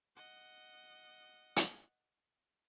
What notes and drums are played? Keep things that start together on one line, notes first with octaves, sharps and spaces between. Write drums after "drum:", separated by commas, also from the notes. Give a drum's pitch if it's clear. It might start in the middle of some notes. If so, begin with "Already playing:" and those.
D#5 F#5
drum: hi-hat